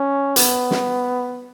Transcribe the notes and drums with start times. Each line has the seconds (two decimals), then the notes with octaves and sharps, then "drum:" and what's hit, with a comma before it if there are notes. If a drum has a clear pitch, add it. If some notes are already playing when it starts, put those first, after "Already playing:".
Already playing: C#4
0.36 B3, drum: hi-hat
0.71 drum: snare